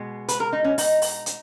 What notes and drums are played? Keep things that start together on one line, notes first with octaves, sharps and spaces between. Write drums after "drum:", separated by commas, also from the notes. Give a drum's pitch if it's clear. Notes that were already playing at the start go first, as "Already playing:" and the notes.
Already playing: B2 G#3 B3
B4, drum: hi-hat
A#4
D#4
C#4
D#4, drum: open hi-hat
drum: open hi-hat
drum: hi-hat